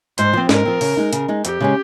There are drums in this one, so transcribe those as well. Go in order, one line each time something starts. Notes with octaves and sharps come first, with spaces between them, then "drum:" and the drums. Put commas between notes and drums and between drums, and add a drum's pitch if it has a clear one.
G#2 C5, drum: hi-hat
F3 C4
G#2 A#4, drum: snare
F3 C4
C#3, drum: open hi-hat
G#3 D#4
C#3, drum: hi-hat
G#3 D#4
F2 G4, drum: hi-hat
C#3 G#3 C#4